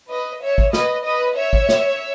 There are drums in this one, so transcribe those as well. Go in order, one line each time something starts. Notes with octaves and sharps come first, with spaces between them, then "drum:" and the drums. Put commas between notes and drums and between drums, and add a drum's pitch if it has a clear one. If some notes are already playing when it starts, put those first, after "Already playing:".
B4 D#5
C#5 E5
drum: kick
B4 D#5, drum: snare
B4 D#5
C#5 E5
drum: kick
drum: snare